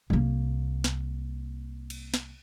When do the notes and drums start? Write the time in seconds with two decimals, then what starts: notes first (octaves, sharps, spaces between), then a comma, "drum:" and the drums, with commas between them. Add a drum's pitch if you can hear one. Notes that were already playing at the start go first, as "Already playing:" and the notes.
0.10 C2 A#3, drum: tom F#3
0.84 drum: snare
1.90 drum: cymbal
2.14 drum: snare